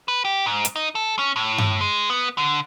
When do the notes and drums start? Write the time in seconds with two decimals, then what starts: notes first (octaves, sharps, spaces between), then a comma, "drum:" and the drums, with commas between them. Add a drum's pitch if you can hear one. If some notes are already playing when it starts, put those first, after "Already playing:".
0.08 B4
0.25 G4
0.46 G#2
0.65 drum: hi-hat
0.76 D#4
0.95 A4
1.19 C#4
1.36 A2
1.58 drum: tom G2
1.81 G#3
2.10 B3
2.38 D3